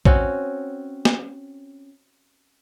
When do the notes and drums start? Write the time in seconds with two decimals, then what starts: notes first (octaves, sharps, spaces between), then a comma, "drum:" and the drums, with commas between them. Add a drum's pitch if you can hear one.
0.05 C4 C#4 F#4, drum: kick
1.05 drum: snare